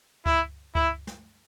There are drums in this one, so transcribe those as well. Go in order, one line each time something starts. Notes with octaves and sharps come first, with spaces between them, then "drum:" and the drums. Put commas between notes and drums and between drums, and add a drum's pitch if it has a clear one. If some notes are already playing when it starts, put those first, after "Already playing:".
E4, drum: kick C#2
E4, drum: kick C#2
drum: snare